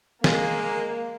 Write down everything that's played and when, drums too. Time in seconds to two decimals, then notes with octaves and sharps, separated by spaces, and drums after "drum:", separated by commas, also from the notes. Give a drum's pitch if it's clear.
0.24 G#3 A#3, drum: snare